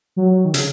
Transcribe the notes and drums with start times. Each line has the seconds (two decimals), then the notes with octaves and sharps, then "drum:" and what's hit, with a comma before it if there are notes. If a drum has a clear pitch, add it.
0.16 F#3
0.31 F#3
0.45 D#3
0.54 C#3, drum: hi-hat